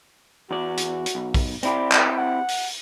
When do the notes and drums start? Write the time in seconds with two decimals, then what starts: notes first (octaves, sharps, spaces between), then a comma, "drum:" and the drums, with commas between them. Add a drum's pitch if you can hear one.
0.51 E2 F#4 D5
0.77 drum: hi-hat
1.06 drum: hi-hat
1.15 B1
1.34 drum: kick A#1, open hi-hat
1.63 C4 E4 G4 D5, drum: hi-hat
1.91 drum: clap
2.17 F#5
2.48 drum: open hi-hat